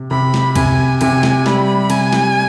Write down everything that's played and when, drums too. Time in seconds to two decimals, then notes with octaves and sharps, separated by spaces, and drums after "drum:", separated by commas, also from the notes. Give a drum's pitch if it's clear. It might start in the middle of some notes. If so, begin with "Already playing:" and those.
Already playing: C3
0.11 C3 B5
0.34 drum: snare
0.56 C3 G#5, drum: kick C#2, cymbal
1.01 C3 G#5, drum: cymbal
1.23 drum: snare
1.46 G3 B5, drum: snare
1.90 C3 G#5, drum: cymbal
2.13 drum: snare